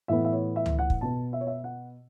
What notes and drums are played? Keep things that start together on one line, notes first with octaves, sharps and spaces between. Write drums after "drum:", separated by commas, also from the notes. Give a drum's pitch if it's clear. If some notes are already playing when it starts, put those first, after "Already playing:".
A2 E3 B3 E5
E5
C#5
E5
drum: tom C#2
F#5
drum: kick
B2 B3 A5
E5
C#5
E5
F#5